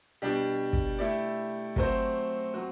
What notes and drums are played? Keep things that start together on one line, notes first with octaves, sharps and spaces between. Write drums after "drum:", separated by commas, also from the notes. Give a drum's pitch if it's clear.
B2 G3 D4 G4
drum: kick
A3 E4 G4 D5
F#3 A3 C4 F#4 C5, drum: kick
F#3 C4 F#4